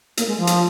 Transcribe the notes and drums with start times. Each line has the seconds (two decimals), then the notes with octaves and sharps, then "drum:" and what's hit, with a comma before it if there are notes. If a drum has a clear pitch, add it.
0.17 A#3, drum: hi-hat
0.27 G#3
0.37 F3
0.47 drum: hi-hat